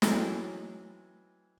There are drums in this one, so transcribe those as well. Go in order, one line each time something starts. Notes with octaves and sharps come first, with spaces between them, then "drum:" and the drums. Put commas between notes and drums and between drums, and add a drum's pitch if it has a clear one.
E3 F#3 G#3 A3 C4 C#4, drum: snare